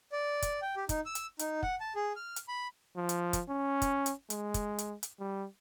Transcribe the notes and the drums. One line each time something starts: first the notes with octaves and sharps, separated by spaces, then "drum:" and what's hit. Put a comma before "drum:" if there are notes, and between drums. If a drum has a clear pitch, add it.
D5
drum: kick, hi-hat
G5
G4
D#4, drum: kick, hi-hat
E6
drum: hi-hat
D#4, drum: hi-hat
F#5, drum: kick
A5
G#4
F6
drum: hi-hat
B5
F3
drum: hi-hat
drum: kick, hi-hat
C#4
drum: kick, hi-hat
drum: hi-hat
G#3, drum: hi-hat
drum: kick, hi-hat
drum: hi-hat
drum: hi-hat
G3